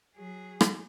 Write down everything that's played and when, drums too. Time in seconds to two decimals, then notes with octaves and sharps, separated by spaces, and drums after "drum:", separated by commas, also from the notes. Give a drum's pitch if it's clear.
0.16 F#3 G#4
0.61 drum: rim click